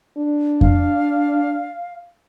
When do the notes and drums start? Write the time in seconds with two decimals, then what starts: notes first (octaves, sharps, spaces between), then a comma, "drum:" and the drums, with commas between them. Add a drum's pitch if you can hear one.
0.18 D4
0.61 F5, drum: kick F2